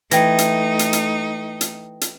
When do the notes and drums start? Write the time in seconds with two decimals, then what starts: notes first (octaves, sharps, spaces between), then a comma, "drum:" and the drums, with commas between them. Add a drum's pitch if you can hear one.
0.11 E3 A3 D#4 G5 A#6, drum: hi-hat
0.38 drum: hi-hat
0.79 drum: hi-hat
0.93 drum: hi-hat
1.61 drum: hi-hat
2.01 drum: hi-hat